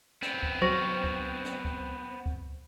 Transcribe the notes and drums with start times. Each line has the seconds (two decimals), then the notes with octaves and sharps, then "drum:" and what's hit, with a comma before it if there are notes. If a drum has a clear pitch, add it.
0.22 B3 C4, drum: snare
0.43 drum: kick C#2
0.62 F#3 C5 C#6 A#6
1.04 drum: kick C#2
1.44 drum: snare
1.65 drum: kick C#2
2.26 drum: kick C#2